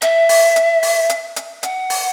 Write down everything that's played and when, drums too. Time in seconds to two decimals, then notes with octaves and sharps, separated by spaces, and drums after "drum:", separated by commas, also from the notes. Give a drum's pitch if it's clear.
0.02 E5, drum: hi-hat
0.29 drum: open hi-hat
0.56 drum: hi-hat
0.83 drum: open hi-hat
1.09 drum: hi-hat
1.36 drum: hi-hat
1.63 F#5, drum: hi-hat
1.90 drum: open hi-hat